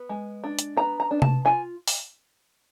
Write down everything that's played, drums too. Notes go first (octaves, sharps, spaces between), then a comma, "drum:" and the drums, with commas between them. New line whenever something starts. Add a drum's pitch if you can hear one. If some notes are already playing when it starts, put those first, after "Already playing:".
Already playing: B3
G#3
D4
drum: hi-hat
B3 A#5
A#5
D4
A5, drum: tom C3
F4 G#5
drum: open hi-hat